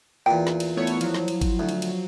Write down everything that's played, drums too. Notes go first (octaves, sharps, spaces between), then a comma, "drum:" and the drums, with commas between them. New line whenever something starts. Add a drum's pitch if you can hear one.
E2 A#2 G5
drum: snare
drum: cymbal
A3 B3 E4 C#5
drum: cymbal
F3 F#3, drum: cymbal
drum: snare
drum: cymbal
drum: kick G#1, cymbal
D2
drum: cymbal
drum: cymbal